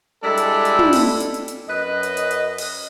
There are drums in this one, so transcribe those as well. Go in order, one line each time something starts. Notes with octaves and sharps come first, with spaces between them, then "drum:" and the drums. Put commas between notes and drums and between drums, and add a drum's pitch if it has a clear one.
G3 G#3 D4 E4 A4
drum: hi-hat
drum: hi-hat
drum: tom
drum: open hi-hat
drum: hi-hat
drum: hi-hat
drum: hi-hat
F#2 B4 D#5
drum: hi-hat
drum: hi-hat
drum: hi-hat
drum: open hi-hat